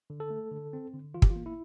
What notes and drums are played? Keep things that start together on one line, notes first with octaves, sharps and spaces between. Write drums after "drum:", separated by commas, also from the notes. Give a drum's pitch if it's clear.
D3
A4
A3
D3
C4
D3
E3 F4
G4, drum: kick
F4
A#3
E4